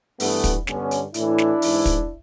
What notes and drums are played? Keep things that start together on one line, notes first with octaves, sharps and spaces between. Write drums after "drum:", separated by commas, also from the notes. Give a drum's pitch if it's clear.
G2 E3 A3 B3, drum: open hi-hat
drum: kick, hi-hat
G2 D3 B3 C#4, drum: snare
drum: hi-hat
A2 E3 D4 E4, drum: hi-hat
drum: snare
G#2 E3, drum: open hi-hat
drum: kick, hi-hat